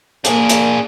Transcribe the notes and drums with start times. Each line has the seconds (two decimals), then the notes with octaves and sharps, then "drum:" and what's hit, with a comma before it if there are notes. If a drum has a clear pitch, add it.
0.25 A#3 D4 G#4, drum: hi-hat
0.49 drum: hi-hat